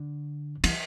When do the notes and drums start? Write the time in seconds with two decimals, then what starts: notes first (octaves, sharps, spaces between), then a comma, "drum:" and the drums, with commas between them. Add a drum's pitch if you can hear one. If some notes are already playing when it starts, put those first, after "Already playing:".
Already playing: D3
0.64 E3, drum: cymbal